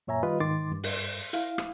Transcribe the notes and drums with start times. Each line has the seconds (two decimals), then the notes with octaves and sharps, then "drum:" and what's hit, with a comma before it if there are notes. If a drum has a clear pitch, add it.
0.07 F#2 A#2 C#5 E5 G#5 A#5
0.23 D#3 G3 F4 B4 D#5
0.40 G#2 D#3 C6 D6 A6
0.72 G2
0.83 drum: open hi-hat
1.33 E4 F5, drum: hi-hat
1.58 drum: rim click